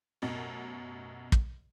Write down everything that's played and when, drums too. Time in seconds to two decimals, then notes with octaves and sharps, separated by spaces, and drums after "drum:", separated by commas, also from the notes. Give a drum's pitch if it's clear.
0.22 A1 F#2 B2
1.32 drum: kick